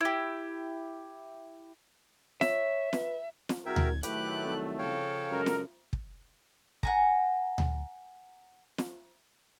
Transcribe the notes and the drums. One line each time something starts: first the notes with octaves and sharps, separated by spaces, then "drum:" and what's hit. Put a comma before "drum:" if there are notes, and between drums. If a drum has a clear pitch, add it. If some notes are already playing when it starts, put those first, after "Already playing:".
E4 G4
C#5 E5, drum: snare
B4, drum: snare
drum: snare
C2 F#4 G#4 A#4 E5 G5 G#6
drum: tom D2
A2 D#3 F#3 A3 G4 B4 D6 F#6, drum: hi-hat
C2
C#3 F3 A4 C#5 F5 G5
F#2 G#3 A#4
drum: snare
drum: kick
F#5 G#5 A#5, drum: kick
drum: tom D2
drum: snare